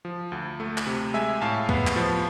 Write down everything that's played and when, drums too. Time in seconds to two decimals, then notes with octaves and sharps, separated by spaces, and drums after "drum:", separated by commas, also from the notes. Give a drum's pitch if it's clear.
0.05 F3
0.32 D2
0.60 A3
0.78 drum: clap
0.87 C3
1.14 G#3 E5 G#5
1.41 A2 F5 A5
1.69 B3, drum: kick
1.87 drum: clap
1.96 F3